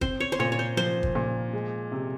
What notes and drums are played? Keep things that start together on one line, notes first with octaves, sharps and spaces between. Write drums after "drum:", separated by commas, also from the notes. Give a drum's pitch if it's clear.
C4 C5, drum: kick
C#5
C5
A#2 C#5
C#5
C5
F3 C5
drum: kick
A#2
G#3
C3